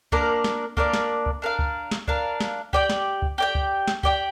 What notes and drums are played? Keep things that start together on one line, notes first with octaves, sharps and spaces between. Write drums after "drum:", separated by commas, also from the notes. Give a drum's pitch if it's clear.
A#3 D4 A#4 D5, drum: kick C#2
drum: snare
A#3 D4 A#4 D5, drum: kick C#2
drum: snare
drum: kick C#2
D4 A#4 F5
drum: kick C#2
drum: snare
D4 A#4 F5, drum: kick C#2
drum: snare
G4 D5 G5, drum: kick C#2
drum: snare
drum: kick C#2
G4 D5 G5
drum: kick C#2
drum: snare
G4 D5 G5, drum: kick C#2